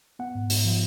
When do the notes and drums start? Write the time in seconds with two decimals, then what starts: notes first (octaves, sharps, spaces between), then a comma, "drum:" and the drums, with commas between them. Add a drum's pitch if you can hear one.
0.19 B3 F#5
0.35 G#2
0.50 G#2, drum: open hi-hat
0.65 F3